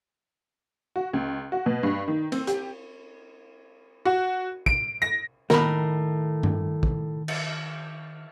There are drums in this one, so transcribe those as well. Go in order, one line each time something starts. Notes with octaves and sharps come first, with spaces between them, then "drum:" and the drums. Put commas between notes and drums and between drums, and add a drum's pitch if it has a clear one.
F#4
C#2
F#4
B2
G2
D#3
C4, drum: cymbal
G4, drum: hi-hat
F#4
D7, drum: kick
A#6
A2 D#3 A#4 B5, drum: snare
drum: tom G2
drum: kick
drum: cymbal